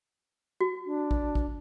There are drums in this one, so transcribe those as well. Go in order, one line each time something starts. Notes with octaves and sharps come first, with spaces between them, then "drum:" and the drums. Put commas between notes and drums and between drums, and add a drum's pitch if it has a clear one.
F#4
D4
drum: kick A1
drum: kick A1